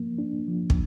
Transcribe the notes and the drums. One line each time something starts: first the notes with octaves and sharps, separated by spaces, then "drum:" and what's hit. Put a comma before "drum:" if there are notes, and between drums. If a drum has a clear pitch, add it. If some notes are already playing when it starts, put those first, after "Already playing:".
Already playing: F3 A#3
D4
F3
drum: kick